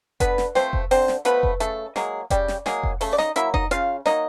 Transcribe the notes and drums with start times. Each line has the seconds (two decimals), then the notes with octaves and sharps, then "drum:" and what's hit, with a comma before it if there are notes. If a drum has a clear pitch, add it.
0.20 D3 B3 B4, drum: kick F1, hi-hat
0.38 drum: snare
0.55 F3 A3 C4 C5, drum: snare
0.73 drum: kick F1
0.91 D3 C4 C5, drum: open hi-hat
1.08 drum: snare
1.25 F3 A3 B3 B4, drum: hi-hat
1.43 drum: kick F1
1.60 C#3 A3 A4, drum: hi-hat
1.96 F#3 G#3 A#3 G#4, drum: snare
2.30 C#3 G3 G4, drum: kick F1, hi-hat
2.48 drum: snare
2.66 F#3 G#3 A#3 G#4, drum: snare
2.83 drum: kick F1
3.01 C#3 A3 A4, drum: open hi-hat
3.13 D5
3.18 D#4 D#5, drum: snare
3.36 F#3 A#3 E4 E5, drum: hi-hat
3.54 D#4 D#5, drum: kick F1
3.71 C#3 F4 F5, drum: hi-hat
4.06 F#3 A#3 D#4 D#5, drum: snare